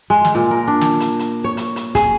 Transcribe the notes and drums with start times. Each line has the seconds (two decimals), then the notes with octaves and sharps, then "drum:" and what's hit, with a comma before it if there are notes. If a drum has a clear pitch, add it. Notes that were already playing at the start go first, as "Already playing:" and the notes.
0.10 G#3
0.25 drum: snare
0.35 A#2
0.51 A#4
0.67 D4
0.81 drum: snare
1.00 drum: hi-hat
1.19 drum: hi-hat
1.44 C#5
1.57 drum: hi-hat
1.76 drum: hi-hat
1.95 G#4, drum: kick, hi-hat